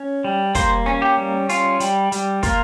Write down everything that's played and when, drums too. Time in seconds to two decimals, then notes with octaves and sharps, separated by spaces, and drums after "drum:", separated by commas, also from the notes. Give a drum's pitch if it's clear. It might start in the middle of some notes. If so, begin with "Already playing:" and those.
Already playing: C#4
0.24 G3
0.55 A#3 C5, drum: kick, hi-hat
0.86 C#4, drum: rim click
1.02 G4
1.17 G3
1.49 C#4 F4, drum: hi-hat
1.80 G3, drum: hi-hat
2.12 G3, drum: hi-hat
2.43 A#3 F4, drum: kick, hi-hat